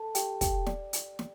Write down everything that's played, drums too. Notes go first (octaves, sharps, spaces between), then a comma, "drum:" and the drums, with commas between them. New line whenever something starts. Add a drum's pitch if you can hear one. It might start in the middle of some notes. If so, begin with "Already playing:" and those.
Already playing: A4 A5
G4 G5, drum: hi-hat
G4 G5, drum: kick, hi-hat
D5, drum: snare
drum: hi-hat
drum: snare